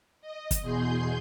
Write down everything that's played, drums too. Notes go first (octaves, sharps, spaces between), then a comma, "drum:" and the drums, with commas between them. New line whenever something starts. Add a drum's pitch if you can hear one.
D#5
drum: kick, hi-hat
E2 B2 G#4 C6 G6